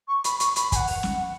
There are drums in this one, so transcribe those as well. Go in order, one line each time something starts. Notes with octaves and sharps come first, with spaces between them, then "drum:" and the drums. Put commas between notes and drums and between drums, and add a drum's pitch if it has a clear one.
C#6
B5, drum: hi-hat
C#6, drum: hi-hat
B5, drum: hi-hat
G#5, drum: kick, hi-hat
F#5
drum: open hi-hat
drum: snare